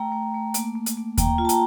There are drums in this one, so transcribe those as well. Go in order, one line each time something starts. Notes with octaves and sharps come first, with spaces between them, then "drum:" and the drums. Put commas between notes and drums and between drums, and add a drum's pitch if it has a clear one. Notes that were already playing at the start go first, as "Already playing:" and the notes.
Already playing: A3 G5 A#5
A3
A3
A#3, drum: hi-hat
A#3
drum: hi-hat
A#3
A#3 G5 A#5, drum: kick D#2, hi-hat
F4
A5
G5 A#5, drum: hi-hat